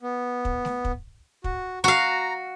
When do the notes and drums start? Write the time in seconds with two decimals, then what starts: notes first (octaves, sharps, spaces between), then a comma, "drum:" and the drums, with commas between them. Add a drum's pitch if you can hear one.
0.02 B3
0.45 drum: kick
0.65 drum: snare A3
0.85 drum: kick
1.44 F#4, drum: kick
1.84 F#4 F5 A#5